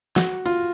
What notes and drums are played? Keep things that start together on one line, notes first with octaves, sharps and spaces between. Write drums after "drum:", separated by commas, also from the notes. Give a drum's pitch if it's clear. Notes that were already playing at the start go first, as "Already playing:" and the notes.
F#4, drum: snare
F4, drum: cymbal